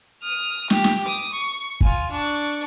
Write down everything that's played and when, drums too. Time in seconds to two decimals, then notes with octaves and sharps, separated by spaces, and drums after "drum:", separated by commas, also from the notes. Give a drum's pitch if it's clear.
0.22 D#6 F6
0.70 G4, drum: snare
0.84 drum: snare
1.03 D6 D#6
1.32 C#6
1.81 F4 G#5, drum: kick
2.11 D4 C#6